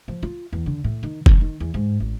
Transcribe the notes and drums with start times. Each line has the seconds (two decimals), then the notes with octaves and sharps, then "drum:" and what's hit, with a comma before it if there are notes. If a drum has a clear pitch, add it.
0.08 F3
0.23 F4
0.53 E2
0.66 D3
0.84 A2
1.03 D#3
1.26 D3, drum: kick F1
1.41 D#3
1.60 E2
1.74 G#2
2.00 A1